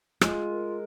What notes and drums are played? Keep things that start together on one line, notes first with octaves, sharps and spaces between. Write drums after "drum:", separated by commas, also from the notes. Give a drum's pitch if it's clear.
G#3 F4, drum: rim click
A#4